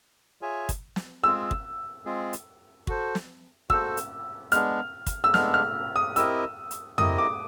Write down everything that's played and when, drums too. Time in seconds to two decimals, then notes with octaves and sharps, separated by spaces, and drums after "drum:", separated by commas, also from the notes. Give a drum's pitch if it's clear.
0.41 F4 G#4 C#5 E5 G#5
0.69 drum: kick, hi-hat
0.96 drum: snare
1.23 G#3 C4 F4 G#4 E6
1.51 drum: kick
2.05 G#3 C4 F4 G#4
2.33 drum: hi-hat
2.87 F#4 A4 C5, drum: kick
3.15 drum: snare
3.70 F#4 A4 C5 E6, drum: kick
3.97 drum: hi-hat
4.52 G#3 B3 D4 F6, drum: hi-hat
5.06 drum: kick, hi-hat
5.24 E6
5.34 G#3 B3 D4 F6, drum: snare
5.54 F6
5.96 D#6
6.16 C4 E4 G4 A#4 D#5 E6, drum: hi-hat
6.71 drum: hi-hat
6.98 C4 E4 G4 A#4 D#5 D#6, drum: tom F2
7.18 D6